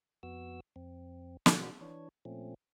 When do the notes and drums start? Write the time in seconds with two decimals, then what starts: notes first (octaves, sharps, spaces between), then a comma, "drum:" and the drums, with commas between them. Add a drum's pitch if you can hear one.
0.23 F2 B3 F#4 E6
0.76 F2 C4
1.46 B2 F#3 A#3 D4 F#4, drum: snare
1.81 E3 D4 C#5
2.25 A#2 F3 A3 C4 C#4